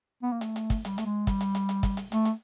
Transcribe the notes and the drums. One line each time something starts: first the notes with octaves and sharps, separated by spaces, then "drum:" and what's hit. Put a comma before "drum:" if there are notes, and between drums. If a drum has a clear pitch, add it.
B3
A#3
A3, drum: hi-hat
drum: hi-hat
drum: kick, hi-hat
G3, drum: hi-hat
A3, drum: hi-hat
G#3
G3, drum: kick, hi-hat
drum: hi-hat
drum: hi-hat
drum: hi-hat
drum: kick, hi-hat
drum: hi-hat
A3, drum: hi-hat
drum: hi-hat